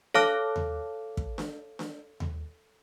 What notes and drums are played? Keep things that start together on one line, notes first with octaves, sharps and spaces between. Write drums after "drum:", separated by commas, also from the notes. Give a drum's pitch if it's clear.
A4 C#5 F5 A5 D6 F6, drum: snare D4
drum: tom D#2
drum: kick
drum: snare D4
drum: snare D4
drum: tom D#2